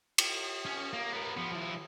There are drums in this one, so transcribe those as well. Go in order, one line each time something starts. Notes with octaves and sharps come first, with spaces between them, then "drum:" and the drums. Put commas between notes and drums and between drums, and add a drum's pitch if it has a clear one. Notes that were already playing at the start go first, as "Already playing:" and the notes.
drum: cymbal
C#4
A#3
B3 A#4
F3 B3
F3 E4